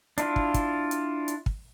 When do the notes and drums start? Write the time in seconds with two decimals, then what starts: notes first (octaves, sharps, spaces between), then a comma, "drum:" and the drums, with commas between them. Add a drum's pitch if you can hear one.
0.18 D4 E4 F4, drum: hi-hat
0.36 drum: kick
0.54 drum: kick, hi-hat
0.91 drum: hi-hat
1.28 drum: hi-hat
1.46 drum: kick